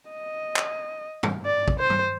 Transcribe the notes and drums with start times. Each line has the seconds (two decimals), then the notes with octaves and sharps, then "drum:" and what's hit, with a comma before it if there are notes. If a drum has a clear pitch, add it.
0.12 D#5
0.56 drum: clap
1.23 drum: tom
1.45 D5
1.68 drum: kick
1.79 C5
1.90 drum: tom G2